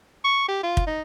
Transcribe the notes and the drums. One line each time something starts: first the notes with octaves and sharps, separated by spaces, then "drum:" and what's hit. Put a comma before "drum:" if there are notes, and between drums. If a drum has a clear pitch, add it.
C#6
G4
F4
drum: kick
D#4